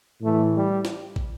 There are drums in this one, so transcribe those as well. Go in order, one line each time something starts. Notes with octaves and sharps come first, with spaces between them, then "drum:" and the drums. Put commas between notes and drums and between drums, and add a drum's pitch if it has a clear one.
A2 E3 A3
G3
drum: snare
drum: kick